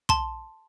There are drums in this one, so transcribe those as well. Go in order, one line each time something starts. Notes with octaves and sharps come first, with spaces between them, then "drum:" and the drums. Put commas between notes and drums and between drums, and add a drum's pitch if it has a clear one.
A5 C6, drum: kick